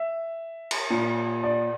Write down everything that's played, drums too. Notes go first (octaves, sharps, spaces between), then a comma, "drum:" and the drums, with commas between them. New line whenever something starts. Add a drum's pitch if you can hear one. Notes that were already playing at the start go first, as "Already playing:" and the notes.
Already playing: E5
drum: cymbal
A#2
D5